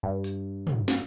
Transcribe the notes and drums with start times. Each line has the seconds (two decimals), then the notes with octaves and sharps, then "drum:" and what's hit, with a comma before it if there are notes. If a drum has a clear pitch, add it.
0.03 G2
0.24 drum: hi-hat
0.67 drum: tom
0.88 drum: snare